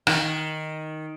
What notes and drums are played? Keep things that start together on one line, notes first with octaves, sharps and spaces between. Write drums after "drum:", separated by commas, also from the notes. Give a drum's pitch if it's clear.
D#3, drum: rim click